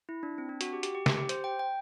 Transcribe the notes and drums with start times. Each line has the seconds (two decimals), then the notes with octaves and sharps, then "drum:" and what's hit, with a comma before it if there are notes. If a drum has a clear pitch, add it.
0.09 E4
0.23 D4
0.38 C4
0.49 D4
0.61 F#4, drum: hi-hat
0.73 G4
0.83 G4, drum: hi-hat
0.95 G4
1.06 G4, drum: snare
1.17 G4
1.29 C5, drum: hi-hat
1.44 G5
1.59 G5